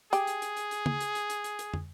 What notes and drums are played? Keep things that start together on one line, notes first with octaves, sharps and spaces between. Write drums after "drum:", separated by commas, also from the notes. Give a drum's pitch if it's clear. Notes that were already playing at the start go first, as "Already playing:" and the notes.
G4 G#4, drum: hi-hat
drum: hi-hat
drum: hi-hat
drum: hi-hat
drum: hi-hat
drum: tom C#3
drum: hi-hat
drum: hi-hat
drum: hi-hat
drum: hi-hat
drum: hi-hat
drum: tom